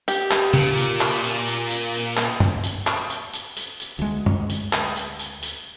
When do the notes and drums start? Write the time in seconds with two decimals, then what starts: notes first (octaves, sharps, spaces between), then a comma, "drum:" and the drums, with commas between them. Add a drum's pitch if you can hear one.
0.08 G4, drum: tambourine
0.31 drum: clap
0.54 A#2, drum: tom
0.78 drum: tambourine
1.01 drum: clap
1.24 drum: tambourine
1.47 drum: tambourine
1.71 drum: tambourine
1.94 drum: tambourine
2.17 drum: clap
2.40 drum: tom
2.64 drum: tambourine
2.87 drum: clap
3.10 drum: tambourine
3.33 drum: tambourine
3.57 drum: tambourine
3.80 drum: tambourine
3.99 D2 G#3
4.26 drum: tom
4.50 drum: tambourine
4.73 drum: clap
4.96 drum: tambourine
5.19 drum: tambourine
5.43 drum: tambourine